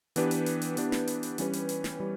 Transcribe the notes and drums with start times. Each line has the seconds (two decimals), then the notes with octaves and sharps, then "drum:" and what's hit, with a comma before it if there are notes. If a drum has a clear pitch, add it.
0.16 E3 B3 D4 G4 B4, drum: hi-hat
0.31 drum: hi-hat
0.46 drum: hi-hat
0.62 drum: hi-hat
0.77 E3 B3 D4 G4 B4, drum: hi-hat
0.92 drum: snare
1.08 drum: hi-hat
1.23 drum: hi-hat
1.38 E3 G3 C#4 G4 B4, drum: hi-hat
1.53 drum: hi-hat
1.69 drum: hi-hat
1.84 drum: snare
2.00 E3 G3